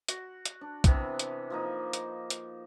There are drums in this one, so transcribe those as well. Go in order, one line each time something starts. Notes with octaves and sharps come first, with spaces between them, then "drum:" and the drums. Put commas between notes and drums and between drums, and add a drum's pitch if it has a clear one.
F#4, drum: hi-hat
drum: hi-hat
D4
C3 E3 B3 G4, drum: kick, hi-hat
drum: hi-hat
F3 A#3 D#4
drum: hi-hat
drum: hi-hat